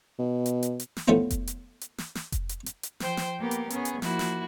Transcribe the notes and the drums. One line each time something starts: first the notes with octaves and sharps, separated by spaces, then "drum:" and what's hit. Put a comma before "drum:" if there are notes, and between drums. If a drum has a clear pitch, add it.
B2
drum: hi-hat
drum: hi-hat
drum: hi-hat
drum: snare
F3 A3 B3 C#4 E4 F4
drum: kick F1, hi-hat
drum: hi-hat
drum: hi-hat
drum: snare
drum: snare
drum: kick F1, hi-hat
drum: hi-hat
drum: hi-hat
drum: hi-hat
F3 C5 G5, drum: snare
drum: snare
A#3 B3 G4 A#4
drum: hi-hat
B3 C#4 G#4, drum: hi-hat
drum: hi-hat
F3 A#3 E4 F#4, drum: snare
drum: snare